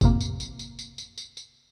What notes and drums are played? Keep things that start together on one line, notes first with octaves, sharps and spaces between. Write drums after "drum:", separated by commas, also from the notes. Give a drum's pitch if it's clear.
F2 A2 C3 A#3, drum: kick F#1, tambourine
drum: tambourine
drum: tambourine
drum: tambourine
drum: tambourine
drum: tambourine
drum: tambourine
drum: tambourine